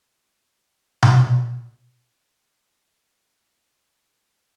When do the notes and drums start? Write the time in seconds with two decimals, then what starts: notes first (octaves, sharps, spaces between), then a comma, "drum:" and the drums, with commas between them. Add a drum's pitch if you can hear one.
0.16 E4 F4 C6
0.65 D#3 B3 C4 G4 A4 A#4 F5
1.03 drum: tom B2
1.69 F5 D#6 F#6 G6
2.04 G4
2.23 F#3 B3
2.49 E4 A4 A#5
2.64 G4
3.14 F#5
3.52 F4 F#4 C#5 D#5 E5
4.02 F2 D3 G3 A#4 B5 D#6